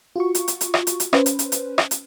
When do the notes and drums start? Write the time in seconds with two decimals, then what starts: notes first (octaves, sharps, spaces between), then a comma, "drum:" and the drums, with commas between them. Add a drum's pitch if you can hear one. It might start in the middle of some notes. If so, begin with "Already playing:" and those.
0.16 F4 F#4 C#6
0.35 drum: hi-hat
0.48 drum: hi-hat
0.61 drum: hi-hat
0.74 drum: rim click
0.87 drum: hi-hat
1.00 drum: hi-hat
1.13 C#4 B4 C5, drum: rim click
1.26 drum: hi-hat
1.39 drum: hi-hat
1.52 drum: hi-hat
1.78 drum: rim click
1.91 drum: hi-hat